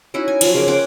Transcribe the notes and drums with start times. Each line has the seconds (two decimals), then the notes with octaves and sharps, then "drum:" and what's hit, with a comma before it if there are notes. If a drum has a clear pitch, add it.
0.14 C#4 D#4 E4 F#4
0.28 G#5
0.41 F3 F#3, drum: cymbal
0.54 C#3 G#3 A#3 D6
0.68 C#4 F#5 G5 D6